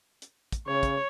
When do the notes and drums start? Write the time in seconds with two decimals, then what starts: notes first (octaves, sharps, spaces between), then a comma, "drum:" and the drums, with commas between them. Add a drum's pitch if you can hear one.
0.22 drum: hi-hat
0.52 drum: kick, hi-hat
0.68 C#3 C#5
0.83 drum: kick, hi-hat